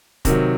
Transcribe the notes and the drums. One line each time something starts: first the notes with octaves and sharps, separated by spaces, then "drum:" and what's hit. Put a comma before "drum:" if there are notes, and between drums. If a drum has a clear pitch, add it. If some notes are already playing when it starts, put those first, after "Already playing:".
C3 D#3 F#3, drum: kick, hi-hat